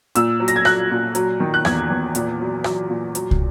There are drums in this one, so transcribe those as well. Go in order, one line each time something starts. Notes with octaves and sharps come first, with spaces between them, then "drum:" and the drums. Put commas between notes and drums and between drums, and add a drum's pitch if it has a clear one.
A#2 E6, drum: hi-hat
F#3
A#6, drum: hi-hat
G#6
F#3 F#6, drum: rim click
A#2
F#3, drum: hi-hat
D#3
F#6
E2 G#6, drum: rim click
E2
A#2, drum: hi-hat
F#3
F#3, drum: rim click
A#2
F#3, drum: hi-hat
drum: kick